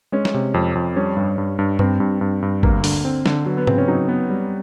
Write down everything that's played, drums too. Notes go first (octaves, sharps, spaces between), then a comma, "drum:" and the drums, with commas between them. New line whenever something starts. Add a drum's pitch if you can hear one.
G#3 C#4
drum: snare
C3
F2
F2
G3 C#4
G2
G2
G2
G2 C4, drum: tom G2
G2
G2
G2
D2 A#3, drum: kick
D3, drum: open hi-hat
C4
D3, drum: snare
F#3 B3
B3
C#3 C4, drum: tom G#2
C#4
F#3 D#4
B3
G3